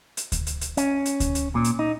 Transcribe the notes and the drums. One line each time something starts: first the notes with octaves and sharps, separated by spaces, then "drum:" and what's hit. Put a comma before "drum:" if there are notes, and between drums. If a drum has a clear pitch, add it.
drum: hi-hat
drum: kick D2, hi-hat
drum: hi-hat
drum: hi-hat
C#4, drum: hi-hat
drum: hi-hat
drum: kick D2, hi-hat
drum: hi-hat
A#2
drum: hi-hat
D#4